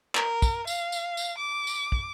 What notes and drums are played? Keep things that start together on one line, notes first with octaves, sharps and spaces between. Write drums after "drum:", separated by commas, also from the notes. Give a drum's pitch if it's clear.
A#4, drum: clap
drum: kick, tambourine
F5, drum: tambourine
drum: tambourine
drum: tambourine
D6
drum: tambourine
drum: kick